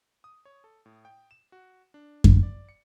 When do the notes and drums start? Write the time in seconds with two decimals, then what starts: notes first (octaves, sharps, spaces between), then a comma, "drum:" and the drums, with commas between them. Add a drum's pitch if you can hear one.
0.24 D#6
0.45 C#5
0.64 A4
0.86 A2
1.05 G5
1.31 E7
1.52 F#4
1.94 D4
2.24 D3, drum: kick F#2
2.43 D5
2.69 C#7